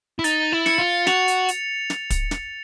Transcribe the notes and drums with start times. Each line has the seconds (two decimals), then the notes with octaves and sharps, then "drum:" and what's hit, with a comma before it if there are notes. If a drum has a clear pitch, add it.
0.19 E4
0.24 D#4 A6, drum: hi-hat
0.53 E4
0.66 C#7, drum: snare
0.79 F4
1.07 F#4 F7, drum: snare
1.28 drum: hi-hat
1.48 drum: hi-hat
1.90 drum: snare
2.10 drum: kick, hi-hat
2.31 drum: snare